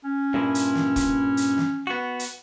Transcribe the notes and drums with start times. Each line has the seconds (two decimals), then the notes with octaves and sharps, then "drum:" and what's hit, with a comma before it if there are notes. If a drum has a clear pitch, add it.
0.04 C#4
0.34 G2 A#2 E4
0.55 drum: hi-hat
0.75 drum: snare
0.96 drum: kick E1, hi-hat
1.37 drum: hi-hat
1.58 drum: snare
1.87 B3 F#4
2.19 drum: hi-hat